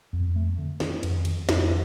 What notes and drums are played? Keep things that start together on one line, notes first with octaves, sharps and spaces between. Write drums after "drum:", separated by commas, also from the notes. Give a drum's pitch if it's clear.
F2
A3
D3
D#3, drum: snare
F2, drum: cymbal
D#3, drum: cymbal
F2, drum: snare